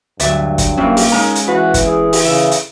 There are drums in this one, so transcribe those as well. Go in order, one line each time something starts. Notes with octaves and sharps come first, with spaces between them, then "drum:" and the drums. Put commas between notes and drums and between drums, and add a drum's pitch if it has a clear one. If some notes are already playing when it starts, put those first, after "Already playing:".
D2 G2 F#3 D5 E5, drum: hi-hat
drum: kick, hi-hat
F#3 A#3 C4 C#4 E4
drum: open hi-hat
G#3 C#4 D#4 A#4 F5 A#5
drum: hi-hat
E3 F#4 B4
drum: kick, hi-hat
E4 G#4
drum: open hi-hat
C#3 E5
drum: hi-hat